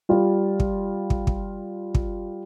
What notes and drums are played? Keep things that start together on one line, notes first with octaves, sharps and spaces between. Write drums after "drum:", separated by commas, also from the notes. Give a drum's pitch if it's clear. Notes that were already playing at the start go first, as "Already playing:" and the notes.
G3 F4
drum: kick
drum: kick
drum: kick
drum: kick